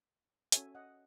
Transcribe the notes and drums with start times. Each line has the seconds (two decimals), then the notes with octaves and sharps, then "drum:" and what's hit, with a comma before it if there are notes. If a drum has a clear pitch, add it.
0.52 C#4 F#4 A4 C#5 E5 G#5, drum: hi-hat
0.75 D#5 F#5